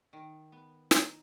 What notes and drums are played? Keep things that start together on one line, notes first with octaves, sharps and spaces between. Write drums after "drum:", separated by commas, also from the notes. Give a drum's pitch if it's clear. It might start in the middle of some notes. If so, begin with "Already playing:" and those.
D#3
B3
D#4, drum: snare